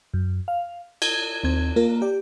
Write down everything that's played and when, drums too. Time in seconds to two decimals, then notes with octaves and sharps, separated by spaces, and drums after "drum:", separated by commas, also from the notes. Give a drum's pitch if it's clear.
0.14 F#2
0.48 F5
1.02 G#6, drum: cymbal
1.43 D#2 C4 G#6
1.76 A#3 F4 A#4
2.02 G4 D5